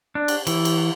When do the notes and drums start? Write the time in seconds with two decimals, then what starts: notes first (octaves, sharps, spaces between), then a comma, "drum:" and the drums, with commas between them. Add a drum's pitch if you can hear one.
0.15 D4
0.28 drum: cymbal
0.47 E3, drum: cymbal
0.65 drum: cymbal